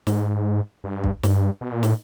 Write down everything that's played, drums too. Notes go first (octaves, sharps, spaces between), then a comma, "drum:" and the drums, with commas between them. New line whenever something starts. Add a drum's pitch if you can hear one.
G#2, drum: snare
G2
drum: kick
G2, drum: snare
B2
A#2
A2, drum: snare